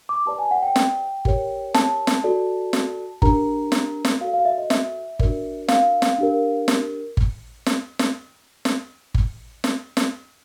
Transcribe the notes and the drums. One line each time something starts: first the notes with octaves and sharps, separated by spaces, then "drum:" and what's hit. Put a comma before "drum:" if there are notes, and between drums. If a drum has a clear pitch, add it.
D6
G4 B4 D5 A5
G#5
F#5
G5
drum: snare
G4 A#4 C#5, drum: kick G1
A5, drum: snare
drum: snare
F#4 A4 D5
drum: snare
D4 G4 A#4 A#5, drum: kick G1
drum: snare
drum: snare
F#4 A4 D5 F5
F5
E5
D#5
E5, drum: snare
D4 F#4 A#4 D5, drum: kick G1
F5, drum: snare
drum: snare
D4 G4 A#4
drum: snare
drum: kick G1
drum: snare
drum: snare
drum: snare
drum: kick G1
drum: snare
drum: snare